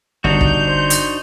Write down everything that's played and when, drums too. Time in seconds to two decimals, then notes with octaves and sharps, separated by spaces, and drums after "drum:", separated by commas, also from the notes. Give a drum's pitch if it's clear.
0.24 G1 D4 D#4 F#4 G6
0.41 drum: kick
0.64 C5
0.90 drum: hi-hat